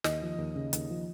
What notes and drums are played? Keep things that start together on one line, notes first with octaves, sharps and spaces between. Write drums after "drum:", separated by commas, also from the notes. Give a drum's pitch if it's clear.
D#2 D#5, drum: snare
F3
D#2
C#3
D#2, drum: hi-hat
F3